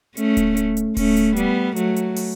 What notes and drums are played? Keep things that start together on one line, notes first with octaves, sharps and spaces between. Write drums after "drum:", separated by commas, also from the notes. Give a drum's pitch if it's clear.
A3 C#4, drum: hi-hat
drum: kick D1, hi-hat
drum: hi-hat
drum: hi-hat
A3 C#4, drum: kick D1, open hi-hat
drum: hi-hat
G3 B3, drum: hi-hat
F#3 A3, drum: hi-hat
drum: hi-hat
drum: open hi-hat